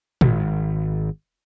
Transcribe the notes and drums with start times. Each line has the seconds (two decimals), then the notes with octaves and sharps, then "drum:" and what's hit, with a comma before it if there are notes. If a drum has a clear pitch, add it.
0.21 G#1, drum: tom